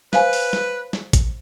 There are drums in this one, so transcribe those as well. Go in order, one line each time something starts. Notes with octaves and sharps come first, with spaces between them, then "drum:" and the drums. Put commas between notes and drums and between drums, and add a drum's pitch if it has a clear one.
B4 C5 F5 G#5, drum: snare
drum: open hi-hat
drum: snare
drum: snare
drum: kick A1, hi-hat